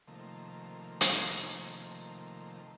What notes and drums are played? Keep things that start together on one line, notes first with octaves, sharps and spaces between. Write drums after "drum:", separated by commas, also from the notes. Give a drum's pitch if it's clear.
C3 D#3 F3 A3 A#3
drum: hi-hat